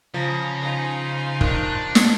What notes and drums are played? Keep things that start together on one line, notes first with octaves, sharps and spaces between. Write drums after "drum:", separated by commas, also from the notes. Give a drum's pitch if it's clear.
C#3 F3 A#5
D#4 F4 C5
D#3 D4 F#6, drum: kick
drum: snare